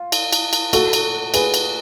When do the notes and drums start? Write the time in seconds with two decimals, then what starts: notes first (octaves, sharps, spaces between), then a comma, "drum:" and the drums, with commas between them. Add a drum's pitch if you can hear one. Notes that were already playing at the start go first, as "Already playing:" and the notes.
Already playing: F4
0.12 drum: cymbal
0.33 drum: cymbal
0.53 drum: cymbal
0.73 F#4 A4, drum: cymbal
0.93 drum: cymbal
1.34 G#4 B4, drum: cymbal
1.54 drum: cymbal